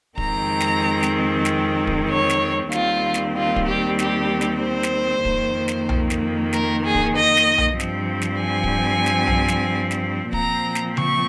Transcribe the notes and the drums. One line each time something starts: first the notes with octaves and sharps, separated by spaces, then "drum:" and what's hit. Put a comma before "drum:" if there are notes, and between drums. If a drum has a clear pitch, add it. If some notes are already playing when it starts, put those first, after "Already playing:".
F2 D#3 G#3 C4 A#5, drum: kick
drum: snare
drum: snare
drum: snare
drum: kick
C#5
drum: snare
D#2 D#3 G3 C4 F4, drum: snare
drum: snare
F4
drum: kick
G4
G4, drum: snare
drum: snare
C5
drum: snare
F2 D#3 A#3, drum: kick
drum: snare
drum: tom B1
drum: snare
A#4, drum: snare
G#4
drum: kick
D#5
drum: snare
drum: tom B1
G2 F3 C4, drum: snare
drum: snare
G#5
drum: kick
drum: snare
drum: tom B1
drum: snare
drum: snare
A#2 F3 C4 A#5, drum: kick
drum: snare
C#6, drum: tom C#3